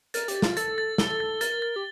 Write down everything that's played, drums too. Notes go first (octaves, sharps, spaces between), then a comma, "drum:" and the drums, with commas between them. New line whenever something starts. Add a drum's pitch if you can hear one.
A#4 A6, drum: hi-hat
G4, drum: hi-hat
A6
F4, drum: snare
A4 A6, drum: hi-hat
A6
A4 G7, drum: snare
A6
A#4 A6, drum: hi-hat
A6
G4